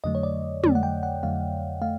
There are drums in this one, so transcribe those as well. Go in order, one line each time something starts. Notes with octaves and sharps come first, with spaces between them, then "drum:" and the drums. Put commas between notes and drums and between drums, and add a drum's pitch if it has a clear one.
F2 D3 F#3 A3 D#5
C#5
D5
F2 D3 F#3 A3 D5, drum: tom
F#5
G5
F#5
F2 D3 F#3 A3 F5
A3 F5